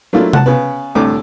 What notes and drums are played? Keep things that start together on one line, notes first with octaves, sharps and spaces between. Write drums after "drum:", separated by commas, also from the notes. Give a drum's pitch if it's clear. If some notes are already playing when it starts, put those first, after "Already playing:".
F#3 A3 A#3 D4 E4 F4
F#5 A5, drum: tom C3
C#3 B3
C2 A2 D3 A4 D6